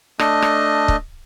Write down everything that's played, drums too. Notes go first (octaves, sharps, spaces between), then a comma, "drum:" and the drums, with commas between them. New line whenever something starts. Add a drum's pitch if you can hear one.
A3 D4 D#5, drum: rim click
drum: rim click
drum: kick